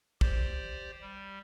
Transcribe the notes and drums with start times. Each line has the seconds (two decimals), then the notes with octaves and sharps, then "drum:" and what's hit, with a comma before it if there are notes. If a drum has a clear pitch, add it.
0.21 G4 C5 D5, drum: kick
1.01 G3